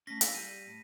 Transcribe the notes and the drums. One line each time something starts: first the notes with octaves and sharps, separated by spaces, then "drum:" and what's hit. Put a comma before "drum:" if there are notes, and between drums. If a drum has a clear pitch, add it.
A3 C#4 A#6 B6
E4 D5 F5, drum: hi-hat
G3 D#7
A2